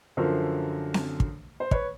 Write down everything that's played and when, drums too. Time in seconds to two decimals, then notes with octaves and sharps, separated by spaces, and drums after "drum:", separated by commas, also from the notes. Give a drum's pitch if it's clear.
0.17 F#2 D3 F3 A#4 C5
0.94 drum: snare C4
1.20 drum: kick
1.60 C5
1.71 B4 C#5, drum: kick